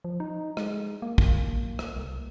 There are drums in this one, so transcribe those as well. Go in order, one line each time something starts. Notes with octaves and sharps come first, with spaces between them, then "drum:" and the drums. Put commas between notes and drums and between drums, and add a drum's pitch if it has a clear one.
F3
D#4
G#3, drum: rim click
A#3
drum: kick
drum: rim click
C2